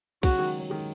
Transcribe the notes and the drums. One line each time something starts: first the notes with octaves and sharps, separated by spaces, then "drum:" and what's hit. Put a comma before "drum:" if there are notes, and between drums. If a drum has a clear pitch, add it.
C#3 F#3 F#4, drum: kick, cymbal
D#3 G#3
F#3
D#3 G#3